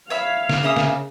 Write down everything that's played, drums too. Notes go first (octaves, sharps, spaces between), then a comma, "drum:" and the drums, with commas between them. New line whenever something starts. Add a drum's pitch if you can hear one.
C#5 E5 F5 B5
drum: snare
C#3 A#3 E5 D#6
drum: snare